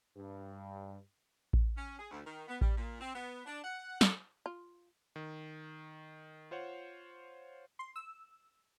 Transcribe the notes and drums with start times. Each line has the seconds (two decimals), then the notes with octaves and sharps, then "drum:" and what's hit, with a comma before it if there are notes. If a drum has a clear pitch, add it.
0.17 G2
1.53 drum: kick A1
1.77 C#4
1.99 G#4
2.11 D2
2.26 D#3
2.48 B3
2.61 G3, drum: kick A1
2.77 A#2
3.01 C4
3.15 B3
3.46 D4
3.64 F#5
4.01 A4, drum: snare
4.46 F4
5.16 D#3
6.51 F4 C5 C#5 F#5
7.79 C6
7.96 E6